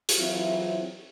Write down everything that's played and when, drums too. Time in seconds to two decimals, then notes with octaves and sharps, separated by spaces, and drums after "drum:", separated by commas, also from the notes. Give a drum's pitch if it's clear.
0.09 drum: hi-hat
0.18 E3 F#3 C4 E4 F4